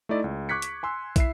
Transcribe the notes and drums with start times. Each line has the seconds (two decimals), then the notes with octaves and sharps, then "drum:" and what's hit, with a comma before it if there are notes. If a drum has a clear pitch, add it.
0.09 A3 D#4 E4 D5 D#5
0.24 C#2
0.49 C#6 D6 F#6 G#6 B6 C#7
0.62 drum: hi-hat
0.83 G#5 C6 E6
1.16 E4 E5 C7, drum: kick, hi-hat